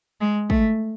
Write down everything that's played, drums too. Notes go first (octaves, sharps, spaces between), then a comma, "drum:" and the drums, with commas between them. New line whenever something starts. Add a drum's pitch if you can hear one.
G#3
A3, drum: kick